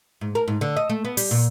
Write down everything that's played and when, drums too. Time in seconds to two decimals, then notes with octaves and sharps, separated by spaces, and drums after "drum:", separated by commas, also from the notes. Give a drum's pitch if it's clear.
0.21 G#2
0.35 A#4
0.48 G#2
0.61 D3
0.76 D#5
0.90 A3
1.05 B3
1.17 G3, drum: open hi-hat
1.31 A#2